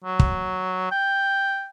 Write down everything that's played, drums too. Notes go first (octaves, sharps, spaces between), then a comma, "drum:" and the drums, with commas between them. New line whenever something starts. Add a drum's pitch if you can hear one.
F#3
drum: kick
G5